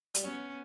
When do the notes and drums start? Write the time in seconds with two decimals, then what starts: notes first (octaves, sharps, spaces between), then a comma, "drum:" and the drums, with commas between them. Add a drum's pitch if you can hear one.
0.15 G3, drum: hi-hat
0.23 F#3 B3 C#4